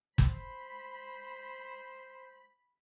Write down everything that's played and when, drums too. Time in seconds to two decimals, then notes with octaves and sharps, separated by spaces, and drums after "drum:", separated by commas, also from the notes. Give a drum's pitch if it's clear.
0.18 C5 B5, drum: kick